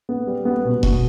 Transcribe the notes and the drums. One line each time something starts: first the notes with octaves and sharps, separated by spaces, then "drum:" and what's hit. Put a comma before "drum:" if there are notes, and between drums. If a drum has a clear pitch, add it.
B3
G3
B3
B2
B2, drum: kick E1